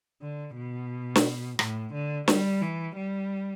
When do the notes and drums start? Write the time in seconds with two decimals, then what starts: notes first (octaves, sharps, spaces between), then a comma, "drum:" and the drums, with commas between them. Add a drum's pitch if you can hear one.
0.22 D3
0.57 B2
1.15 drum: snare
1.59 A2, drum: rim click
1.94 D3
2.28 G3, drum: snare
2.62 E3
2.96 G3